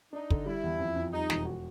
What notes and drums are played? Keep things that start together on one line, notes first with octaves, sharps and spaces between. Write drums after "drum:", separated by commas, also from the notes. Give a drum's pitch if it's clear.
D4 D#4
D3, drum: kick
G3 E4
E2
F2
F2
G3 D#4
E1, drum: snare
F#4